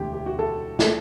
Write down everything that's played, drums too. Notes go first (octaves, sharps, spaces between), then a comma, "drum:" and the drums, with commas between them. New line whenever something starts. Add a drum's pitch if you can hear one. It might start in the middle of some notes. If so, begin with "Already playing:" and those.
Already playing: E1 D2 D3 A3 G4
G4
F#4
A4
drum: snare